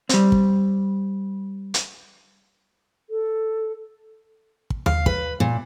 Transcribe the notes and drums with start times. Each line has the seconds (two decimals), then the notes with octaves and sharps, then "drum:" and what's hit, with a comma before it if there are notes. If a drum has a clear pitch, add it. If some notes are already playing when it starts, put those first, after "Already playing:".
0.09 G3 C4, drum: hi-hat
0.32 drum: kick
1.74 drum: hi-hat
3.10 A4
4.70 drum: kick
4.86 F5, drum: tom D#2
5.06 B4, drum: kick
5.40 A#2